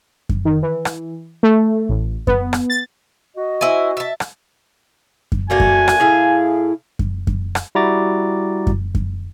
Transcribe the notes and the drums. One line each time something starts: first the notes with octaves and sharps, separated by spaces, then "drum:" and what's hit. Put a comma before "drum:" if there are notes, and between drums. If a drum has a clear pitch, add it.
drum: kick F#2
D#3
E3
drum: rim click
A3
A1
B3, drum: kick F#2
drum: rim click
A6
F#4 D#5
E4 C5 G#5
E5 A5
drum: rim click
drum: kick F#2
A3 A#3 D4 F#4 G#5
drum: kick F#2
drum: rim click
A2 E4 G#4 F5
drum: kick F#2
drum: kick F#2
drum: rim click
G3 E4 F#4 A#5 D6 A6
drum: kick F#2
drum: kick F#2